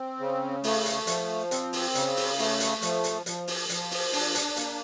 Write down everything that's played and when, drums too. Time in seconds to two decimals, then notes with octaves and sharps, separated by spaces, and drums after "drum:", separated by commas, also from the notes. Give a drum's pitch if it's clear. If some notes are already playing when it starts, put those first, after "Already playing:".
Already playing: C4
0.20 C#3
0.64 A3, drum: open hi-hat
0.85 drum: hi-hat
1.07 F3, drum: hi-hat
1.51 C4, drum: hi-hat
1.73 drum: open hi-hat
1.95 C#3, drum: hi-hat
2.16 drum: open hi-hat
2.39 A3, drum: open hi-hat
2.60 drum: hi-hat
2.82 F3, drum: hi-hat
3.04 drum: hi-hat
3.26 F3, drum: hi-hat
3.47 drum: open hi-hat
3.69 F3, drum: hi-hat
3.91 drum: open hi-hat
4.13 D4, drum: open hi-hat
4.35 drum: hi-hat
4.56 A#3, drum: hi-hat